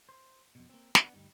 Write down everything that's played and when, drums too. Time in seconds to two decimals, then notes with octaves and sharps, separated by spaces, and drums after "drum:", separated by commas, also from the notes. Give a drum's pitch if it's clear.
0.09 C5
0.55 F2 B2
0.69 A#3 C4
0.95 B3 D4 F#5, drum: snare
1.13 D2 G2 G3 D#4